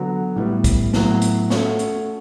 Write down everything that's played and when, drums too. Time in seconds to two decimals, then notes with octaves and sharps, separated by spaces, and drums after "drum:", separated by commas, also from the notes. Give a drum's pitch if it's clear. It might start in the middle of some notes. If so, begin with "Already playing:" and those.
Already playing: D3 F#3 B3 F#4
0.36 A2 G3 B3
0.64 drum: kick, hi-hat
0.93 A2 F#3 B3, drum: snare
1.22 drum: hi-hat
1.50 A3 C#4 F#4 C#5, drum: snare
1.79 drum: hi-hat